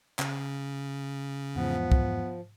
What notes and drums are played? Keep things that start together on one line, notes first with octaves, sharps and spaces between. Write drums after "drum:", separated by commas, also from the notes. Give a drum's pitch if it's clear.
C#3, drum: clap
E2 G#2 F3 B3
drum: kick